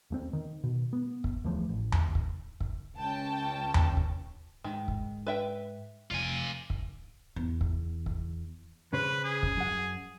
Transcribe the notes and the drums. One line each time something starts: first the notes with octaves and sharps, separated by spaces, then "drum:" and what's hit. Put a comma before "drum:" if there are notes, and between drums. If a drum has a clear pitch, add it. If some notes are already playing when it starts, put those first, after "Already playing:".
D#2 A3 C4
D#3
B2
B3
drum: kick
D2 E3 F3 A3
A1
drum: tom D#2
drum: kick
drum: kick
C#2 C#4 G5 A5
drum: tom D#2
drum: kick
G#2 D#3
drum: kick
B4 E5 G5
F1 F4 G#5
drum: kick
E2
drum: kick
drum: kick
C#3 B4 C5
G#4
drum: kick
F#2 F#5